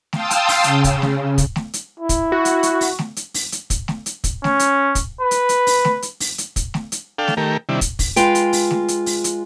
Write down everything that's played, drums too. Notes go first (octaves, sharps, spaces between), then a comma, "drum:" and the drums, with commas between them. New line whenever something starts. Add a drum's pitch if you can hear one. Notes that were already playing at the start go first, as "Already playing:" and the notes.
F5 G5 A5 C6 D#6 E6, drum: snare A3
drum: hi-hat
drum: open hi-hat
C#3, drum: hi-hat
drum: kick, hi-hat
drum: snare A3
drum: kick, hi-hat
drum: snare A3
drum: hi-hat
E4
drum: kick, hi-hat
F#4
drum: hi-hat
drum: hi-hat
drum: open hi-hat
drum: snare A3
drum: hi-hat
drum: open hi-hat
drum: hi-hat
drum: kick, hi-hat
drum: snare A3
drum: hi-hat
drum: kick, hi-hat
C#4, drum: snare A3
drum: hi-hat
drum: kick, hi-hat
B4
drum: hi-hat
drum: hi-hat
drum: open hi-hat
drum: snare A3
drum: hi-hat
drum: open hi-hat
drum: hi-hat
drum: kick, hi-hat
drum: snare A3
drum: hi-hat
D4 A4 F5 G5
drum: snare A3
D#3 A3 G4 A#4
C3 D#3 G3 D4 E4
drum: kick, hi-hat
drum: kick, open hi-hat
G#3 F4 B4 G5, drum: hi-hat
drum: hi-hat
drum: open hi-hat
drum: snare A3
drum: hi-hat
drum: open hi-hat
drum: hi-hat